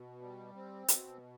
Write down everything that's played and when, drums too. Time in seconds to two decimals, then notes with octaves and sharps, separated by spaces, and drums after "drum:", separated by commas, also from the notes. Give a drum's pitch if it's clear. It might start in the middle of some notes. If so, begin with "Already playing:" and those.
Already playing: B2
0.21 G3
0.55 C4
0.88 B2, drum: hi-hat